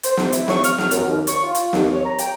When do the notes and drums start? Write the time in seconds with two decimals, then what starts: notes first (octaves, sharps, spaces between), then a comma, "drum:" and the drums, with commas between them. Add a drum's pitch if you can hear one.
0.03 C5, drum: hi-hat
0.17 drum: snare
0.32 E4, drum: hi-hat
0.48 C#6, drum: snare
0.64 F6, drum: hi-hat
0.78 drum: snare
0.91 F#2, drum: hi-hat
1.05 D#2
1.27 C#6, drum: hi-hat
1.44 F4
1.55 drum: hi-hat
1.73 D#2, drum: snare
1.93 C#5
2.05 A#5
2.18 G5, drum: hi-hat